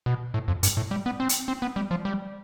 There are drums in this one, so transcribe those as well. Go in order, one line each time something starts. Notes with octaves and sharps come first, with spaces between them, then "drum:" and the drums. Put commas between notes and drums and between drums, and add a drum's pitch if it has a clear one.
B2
A2
F2
G2, drum: hi-hat
A2
G3
B3
C4
drum: hi-hat
C4
B3
G3
F3
G3